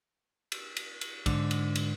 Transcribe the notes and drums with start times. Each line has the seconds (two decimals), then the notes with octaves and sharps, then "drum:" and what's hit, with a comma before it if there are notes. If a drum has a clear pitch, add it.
0.52 drum: cymbal
0.77 drum: cymbal
1.01 drum: cymbal
1.26 G#2 D3, drum: kick, cymbal
1.51 drum: cymbal
1.75 drum: cymbal